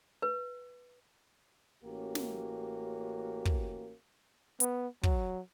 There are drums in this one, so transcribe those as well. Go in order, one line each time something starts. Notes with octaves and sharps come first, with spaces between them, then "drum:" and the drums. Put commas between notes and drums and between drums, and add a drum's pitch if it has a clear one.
B4
A1 A#3 C#4 F#4 G4
drum: snare
drum: kick
B3, drum: hi-hat
F#3, drum: kick